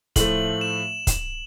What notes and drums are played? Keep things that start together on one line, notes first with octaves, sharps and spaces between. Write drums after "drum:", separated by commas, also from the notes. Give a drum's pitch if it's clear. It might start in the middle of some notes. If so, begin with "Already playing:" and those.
A2 F3 A3 F#7, drum: kick C#1, hi-hat
E7
drum: kick C#1, hi-hat